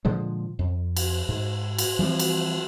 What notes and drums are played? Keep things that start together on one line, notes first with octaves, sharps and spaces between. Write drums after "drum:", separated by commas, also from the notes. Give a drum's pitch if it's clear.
A#2 D3 F3 G#3
F2
drum: cymbal
G#2
drum: cymbal
E3 F3 G3 C4
drum: cymbal